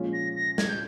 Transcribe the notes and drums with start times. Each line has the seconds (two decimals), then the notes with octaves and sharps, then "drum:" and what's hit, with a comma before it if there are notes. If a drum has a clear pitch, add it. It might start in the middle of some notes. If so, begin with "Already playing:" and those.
Already playing: A#2 F3 G#3 C#4 F4
0.13 A#6
0.36 A#6
0.58 G#6, drum: snare
0.69 G6